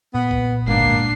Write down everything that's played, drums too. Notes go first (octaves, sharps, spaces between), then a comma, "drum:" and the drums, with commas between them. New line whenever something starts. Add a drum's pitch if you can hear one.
A#2 B3
drum: kick B1
G1 G#2 A#3 D4 C7
drum: kick B1